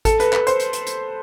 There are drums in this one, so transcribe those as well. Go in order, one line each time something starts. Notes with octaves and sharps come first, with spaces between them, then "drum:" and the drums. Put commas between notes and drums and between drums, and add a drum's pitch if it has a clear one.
A4, drum: kick G#1, hi-hat
B4, drum: hi-hat
B4, drum: clap
C5, drum: hi-hat
drum: hi-hat
drum: hi-hat
drum: hi-hat